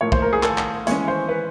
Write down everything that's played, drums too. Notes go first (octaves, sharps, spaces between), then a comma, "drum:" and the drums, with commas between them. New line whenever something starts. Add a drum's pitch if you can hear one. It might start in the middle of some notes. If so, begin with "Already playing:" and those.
A2 F3 A#3 C#5
C5, drum: kick
A#4
G#4
A4, drum: clap
drum: clap
E3 G#3 C#4 C#5, drum: hi-hat
C5
B4